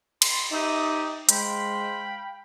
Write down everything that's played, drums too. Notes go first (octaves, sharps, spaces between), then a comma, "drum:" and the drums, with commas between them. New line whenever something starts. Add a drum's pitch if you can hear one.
B5 C6, drum: cymbal
D#4 G4 C5 E5 D#6
G#3 C5 F5 G5 B5, drum: hi-hat